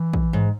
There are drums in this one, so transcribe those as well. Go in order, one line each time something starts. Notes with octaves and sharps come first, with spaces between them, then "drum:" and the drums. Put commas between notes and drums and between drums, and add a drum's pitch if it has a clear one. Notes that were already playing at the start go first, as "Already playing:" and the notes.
Already playing: E3
drum: kick A#1
G#2